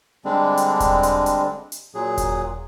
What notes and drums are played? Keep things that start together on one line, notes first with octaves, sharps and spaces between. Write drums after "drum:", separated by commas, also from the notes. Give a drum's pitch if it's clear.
D3 G3 G#3 C4 D4
drum: hi-hat
drum: kick E1, hi-hat
drum: hi-hat
drum: hi-hat
drum: hi-hat
A#2 F#3 G#4
drum: kick E1, hi-hat